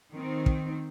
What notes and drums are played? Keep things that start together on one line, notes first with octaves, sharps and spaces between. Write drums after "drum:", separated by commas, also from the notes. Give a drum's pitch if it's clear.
D#3 C4
drum: kick